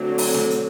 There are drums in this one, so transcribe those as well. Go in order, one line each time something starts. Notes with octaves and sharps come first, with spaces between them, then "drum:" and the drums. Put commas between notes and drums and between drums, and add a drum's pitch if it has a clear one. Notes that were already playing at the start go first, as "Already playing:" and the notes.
Already playing: D3 F#3 A3 C4
drum: open hi-hat
drum: snare
drum: hi-hat